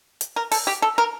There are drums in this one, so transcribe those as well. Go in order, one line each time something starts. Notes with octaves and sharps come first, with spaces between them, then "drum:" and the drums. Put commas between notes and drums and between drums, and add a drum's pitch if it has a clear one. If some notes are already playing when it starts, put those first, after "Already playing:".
drum: hi-hat
A#4
A4, drum: open hi-hat
G4
A4
A#4